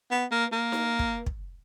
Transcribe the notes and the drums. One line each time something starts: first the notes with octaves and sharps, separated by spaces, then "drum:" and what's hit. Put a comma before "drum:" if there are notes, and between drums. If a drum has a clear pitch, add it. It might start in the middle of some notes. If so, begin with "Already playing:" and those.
B3
A#3
A#3
drum: snare D#4
drum: kick
drum: kick